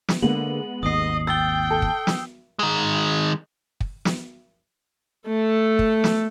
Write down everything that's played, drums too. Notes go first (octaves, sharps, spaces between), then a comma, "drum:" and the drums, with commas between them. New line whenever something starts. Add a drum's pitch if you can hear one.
drum: snare
D3 G#3 A#3 B3 F#7
G#1 D#2 D#5 D#6 C7
G5 E6 A6 G7
A4
drum: kick
drum: snare
D#3 G#3
drum: kick
drum: snare
A3 A4
drum: kick
drum: snare